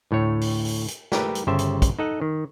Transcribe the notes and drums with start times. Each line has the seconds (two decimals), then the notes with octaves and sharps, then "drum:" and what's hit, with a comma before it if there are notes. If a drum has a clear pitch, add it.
0.11 D2 A2 A3 C#5
0.41 drum: open hi-hat
0.65 drum: open hi-hat
0.88 drum: hi-hat
1.12 A3 G4 A#4 B4, drum: snare
1.35 drum: hi-hat
1.47 G1 C#3 G4 C5 E5 A5
1.59 drum: hi-hat
1.82 drum: kick, hi-hat
1.99 D#4 A4 D#5 F#5
2.21 D#3